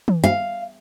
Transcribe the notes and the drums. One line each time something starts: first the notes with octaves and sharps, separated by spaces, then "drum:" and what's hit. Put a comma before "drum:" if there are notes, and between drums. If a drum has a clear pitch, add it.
drum: tom
F5, drum: hi-hat